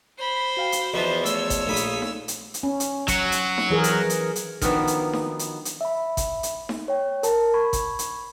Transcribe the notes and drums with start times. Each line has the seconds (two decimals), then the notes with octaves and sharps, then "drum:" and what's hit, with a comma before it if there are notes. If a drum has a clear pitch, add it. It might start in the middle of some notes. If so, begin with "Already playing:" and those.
0.18 C5 B5 C7
0.57 F#4 F5 G5
0.72 drum: hi-hat
0.94 E2 F3 B4 C5 D#5 B5
1.26 A3 C#5 E6, drum: hi-hat
1.50 drum: kick G#1, hi-hat
1.67 A#1 A3 A4 F5 B5 D#6
1.76 drum: hi-hat
2.02 drum: snare D#4
2.28 drum: hi-hat
2.54 drum: hi-hat
2.63 C#4
2.80 drum: hi-hat
3.08 F#3 F#4, drum: kick G#1, hi-hat
3.32 drum: hi-hat
3.58 drum: snare D#4
3.70 E3 G#4 A#4
3.84 drum: hi-hat
4.10 drum: hi-hat
4.36 drum: hi-hat
4.61 D#3 F3 F#3 B3 D4, drum: kick G#1, hi-hat
4.87 drum: hi-hat
5.13 drum: snare D#4
5.39 drum: hi-hat
5.65 drum: hi-hat
5.81 E5 B5
6.17 drum: kick G#1, hi-hat
6.43 drum: hi-hat
6.69 drum: snare D#4
6.88 C#5 G5
7.23 A#4 A5, drum: hi-hat
7.54 B5 C#6 G#6
7.73 drum: kick G#1, hi-hat
7.99 drum: hi-hat